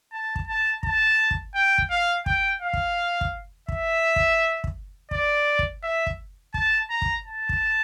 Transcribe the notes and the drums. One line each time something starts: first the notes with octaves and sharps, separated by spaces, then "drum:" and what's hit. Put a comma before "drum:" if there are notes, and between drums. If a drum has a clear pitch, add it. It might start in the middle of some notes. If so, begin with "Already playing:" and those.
A5
drum: kick
A5
A5, drum: kick
drum: kick
G5
drum: kick
F5
G5, drum: kick
F5
drum: kick
drum: kick
E5, drum: kick
drum: kick
drum: kick
D5, drum: kick
drum: kick
E5
drum: kick
A5, drum: kick
A#5
drum: kick
A5
drum: kick